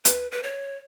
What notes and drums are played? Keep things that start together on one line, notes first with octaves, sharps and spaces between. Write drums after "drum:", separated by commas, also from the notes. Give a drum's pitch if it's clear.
B4, drum: hi-hat
B4
C#5